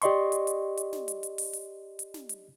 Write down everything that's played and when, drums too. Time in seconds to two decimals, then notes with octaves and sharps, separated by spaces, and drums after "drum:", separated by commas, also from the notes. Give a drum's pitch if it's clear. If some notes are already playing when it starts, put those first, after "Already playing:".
0.02 G4 D5 D#5 C6 C#6, drum: hi-hat
0.32 drum: hi-hat
0.47 drum: hi-hat
0.77 drum: hi-hat
0.93 drum: snare
1.08 drum: hi-hat
1.23 drum: hi-hat
1.38 drum: open hi-hat
1.53 drum: hi-hat
1.99 drum: hi-hat
2.14 drum: snare
2.29 drum: hi-hat